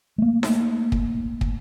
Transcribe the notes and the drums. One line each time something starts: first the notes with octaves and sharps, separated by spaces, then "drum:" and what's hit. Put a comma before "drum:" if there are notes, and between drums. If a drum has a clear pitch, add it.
A3 A#3
drum: snare D#4
drum: kick
drum: kick